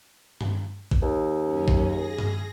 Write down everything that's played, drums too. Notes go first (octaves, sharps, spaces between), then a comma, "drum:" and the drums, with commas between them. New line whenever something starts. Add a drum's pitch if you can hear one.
drum: tom G2
drum: kick
D#2
F#2 C#4
drum: kick
G#4 A#6
drum: tom G2